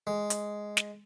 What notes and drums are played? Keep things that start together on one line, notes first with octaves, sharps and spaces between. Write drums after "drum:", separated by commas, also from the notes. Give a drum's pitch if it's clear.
G#3
drum: hi-hat
drum: snare